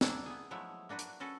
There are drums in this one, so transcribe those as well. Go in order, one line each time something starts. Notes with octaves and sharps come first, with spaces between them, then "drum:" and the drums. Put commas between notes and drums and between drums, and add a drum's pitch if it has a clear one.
G3 A#3 D4 E4, drum: snare
B3 G#4
F3 F#3 G#3 A3 E4
A#3 D4 F#4 B4 C5
drum: hi-hat
C#4 F#4 A4 B4